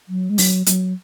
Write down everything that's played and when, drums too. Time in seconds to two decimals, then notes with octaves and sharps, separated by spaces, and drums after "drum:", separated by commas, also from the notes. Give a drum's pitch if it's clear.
0.08 F#3
0.30 G#3
0.38 F#3, drum: open hi-hat
0.66 F#3, drum: hi-hat